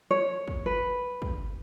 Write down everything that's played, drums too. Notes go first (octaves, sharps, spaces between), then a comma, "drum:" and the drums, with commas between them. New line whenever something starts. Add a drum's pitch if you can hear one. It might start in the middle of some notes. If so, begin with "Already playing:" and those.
C#5
drum: kick
B4
drum: kick